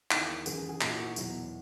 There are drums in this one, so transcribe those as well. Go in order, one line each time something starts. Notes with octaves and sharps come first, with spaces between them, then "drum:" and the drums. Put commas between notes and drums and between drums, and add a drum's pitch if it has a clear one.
E2 D#3 G#3 E4, drum: clap
F#2 E3 G#3 G#4, drum: tambourine
G#4
G#4
A#2 G#3 F#4, drum: clap
E4
F#4
E2 B2 F#3 E4, drum: tambourine